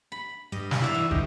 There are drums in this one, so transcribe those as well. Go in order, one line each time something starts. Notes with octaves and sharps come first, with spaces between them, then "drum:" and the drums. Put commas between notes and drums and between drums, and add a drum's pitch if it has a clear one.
B5
G2 D#5
drum: snare
E4 F#4 D5 F5
E3
D3 G3 D#4, drum: kick